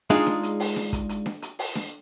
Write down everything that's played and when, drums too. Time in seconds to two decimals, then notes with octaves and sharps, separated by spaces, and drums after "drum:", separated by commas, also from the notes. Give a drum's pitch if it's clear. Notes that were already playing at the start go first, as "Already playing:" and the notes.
0.10 G#3 D4 D#4 F4 G#4, drum: hi-hat
0.27 drum: snare D4
0.43 drum: hi-hat
0.60 drum: open hi-hat
0.76 drum: snare D4
0.93 drum: kick, hi-hat
1.09 drum: hi-hat
1.26 drum: snare D4
1.42 drum: hi-hat
1.59 drum: open hi-hat
1.75 drum: snare D4